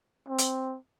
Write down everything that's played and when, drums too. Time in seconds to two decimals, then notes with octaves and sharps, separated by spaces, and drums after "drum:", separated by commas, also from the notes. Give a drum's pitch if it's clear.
0.28 C4
0.38 drum: hi-hat